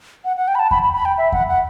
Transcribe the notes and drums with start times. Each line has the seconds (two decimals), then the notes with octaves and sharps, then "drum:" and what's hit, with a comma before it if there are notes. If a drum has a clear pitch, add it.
0.25 F#5
0.36 F#5
0.48 G5
0.55 B5
0.59 A5
0.71 B5, drum: kick E2
0.82 B5
0.94 B5
1.05 G5
1.18 E5
1.32 F#5, drum: kick E2
1.48 F#5